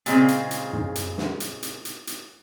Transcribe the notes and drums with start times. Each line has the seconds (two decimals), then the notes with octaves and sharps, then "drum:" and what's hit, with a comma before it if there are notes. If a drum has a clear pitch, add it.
0.06 A#2 C#3 G#3 A#3 C4 F4, drum: hi-hat
0.28 drum: hi-hat
0.51 drum: hi-hat
0.73 drum: tom
0.95 drum: hi-hat
1.18 drum: snare
1.40 drum: hi-hat
1.63 drum: hi-hat
1.85 drum: hi-hat
2.07 drum: hi-hat